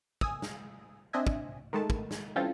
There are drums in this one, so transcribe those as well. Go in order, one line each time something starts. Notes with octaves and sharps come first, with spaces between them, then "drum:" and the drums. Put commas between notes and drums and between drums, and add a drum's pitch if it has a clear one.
G#5 D#6 E6, drum: kick
drum: snare
C4 D4 D#5 E5 G#5
drum: kick
D#3 G#3 A3 A5
drum: kick
drum: snare
E3 G3 C4 C#4 F4 A4